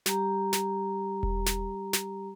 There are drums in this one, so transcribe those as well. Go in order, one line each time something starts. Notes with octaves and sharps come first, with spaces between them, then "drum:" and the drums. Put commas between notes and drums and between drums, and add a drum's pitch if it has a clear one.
G3 G4 A#5, drum: snare
drum: snare
drum: kick E1
drum: snare
drum: snare